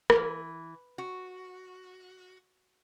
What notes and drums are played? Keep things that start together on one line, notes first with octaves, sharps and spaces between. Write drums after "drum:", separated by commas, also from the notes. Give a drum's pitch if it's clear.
E3, drum: rim click
F#4